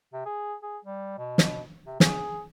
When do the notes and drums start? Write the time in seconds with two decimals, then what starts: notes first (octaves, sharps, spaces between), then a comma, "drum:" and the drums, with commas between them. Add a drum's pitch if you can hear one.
0.13 C3
0.26 G#4
0.63 G#4
0.85 G3
1.18 B2
1.38 drum: snare
1.87 C3
2.00 G#4, drum: snare